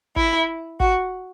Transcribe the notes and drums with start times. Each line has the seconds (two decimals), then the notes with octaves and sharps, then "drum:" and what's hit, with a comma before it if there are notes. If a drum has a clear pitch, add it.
0.16 E4, drum: kick
0.80 F#4, drum: kick